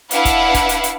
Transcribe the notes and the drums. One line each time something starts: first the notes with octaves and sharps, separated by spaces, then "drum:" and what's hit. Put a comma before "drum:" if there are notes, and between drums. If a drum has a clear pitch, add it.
D4 E4 B4 F5 F#5, drum: hi-hat
drum: kick, hi-hat
drum: kick, hi-hat
drum: hi-hat
drum: hi-hat